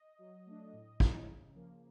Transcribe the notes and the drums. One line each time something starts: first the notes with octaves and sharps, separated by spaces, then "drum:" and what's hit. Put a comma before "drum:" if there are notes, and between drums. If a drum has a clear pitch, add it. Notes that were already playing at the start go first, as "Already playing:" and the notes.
Already playing: D#5
F#3
A3 D4
A2
F3 G#3 C#4 E4, drum: kick
C#3
F3 A#3